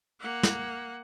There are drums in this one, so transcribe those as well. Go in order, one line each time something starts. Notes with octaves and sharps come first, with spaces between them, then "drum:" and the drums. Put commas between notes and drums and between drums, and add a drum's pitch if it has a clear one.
A#3 F#5
drum: snare